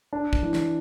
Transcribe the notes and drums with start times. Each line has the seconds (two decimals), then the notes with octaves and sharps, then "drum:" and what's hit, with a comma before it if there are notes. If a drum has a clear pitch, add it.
0.13 D4
0.33 drum: kick
0.43 E3
0.53 drum: snare